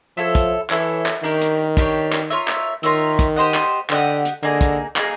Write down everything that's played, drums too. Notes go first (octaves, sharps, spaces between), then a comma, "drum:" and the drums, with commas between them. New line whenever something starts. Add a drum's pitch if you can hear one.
F3 E4 A4 C#5
drum: kick, hi-hat
E3 E4 A4 C#5, drum: clap
drum: clap
D#3 D4 G4 A#4 C#5
drum: hi-hat
D4 G4 A#4 C#5, drum: kick, hi-hat
drum: clap
F4 A#4 C#5 E5
drum: clap
D#3 F4 A#4 C#5 E5, drum: hi-hat
drum: kick, hi-hat
G4 C5 D#5 F#5
drum: clap
D3 G4 C5 D#5 F#5, drum: clap
drum: hi-hat
D3 A#3 D#4 G#4
drum: kick, hi-hat
A#3 D#4 G#4, drum: clap